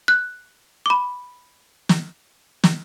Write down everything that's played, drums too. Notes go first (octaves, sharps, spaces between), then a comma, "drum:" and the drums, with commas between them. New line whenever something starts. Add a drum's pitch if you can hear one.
F#6
B5 D6
drum: snare
drum: snare